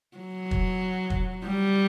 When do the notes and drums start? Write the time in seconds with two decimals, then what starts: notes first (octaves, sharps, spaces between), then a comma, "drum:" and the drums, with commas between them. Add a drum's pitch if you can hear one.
0.17 F#3
0.51 drum: kick
1.10 drum: kick
1.46 G3